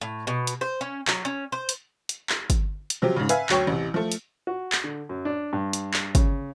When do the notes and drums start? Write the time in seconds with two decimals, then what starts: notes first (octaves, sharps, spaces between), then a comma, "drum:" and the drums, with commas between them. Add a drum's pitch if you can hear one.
0.01 A2
0.27 B2
0.47 drum: hi-hat
0.61 C5
0.81 C#4
1.08 F#3, drum: clap
1.25 C#4
1.52 C5
1.69 drum: hi-hat
2.09 drum: hi-hat
2.29 drum: clap
2.50 drum: kick, hi-hat
2.90 drum: hi-hat
3.02 C3 F3 F#3 C4 G4
3.16 G#2 C#3
3.29 B4 E5 F5 G#5, drum: hi-hat
3.49 D2 F#3 C#5 G5 C#6, drum: clap
3.67 A1 C3
3.94 F3 A3
4.12 drum: hi-hat
4.47 F#4
4.72 drum: clap
4.84 D3
5.09 F#2
5.25 D4
5.53 G2
5.73 drum: hi-hat
5.94 drum: clap
6.15 C#3, drum: kick, hi-hat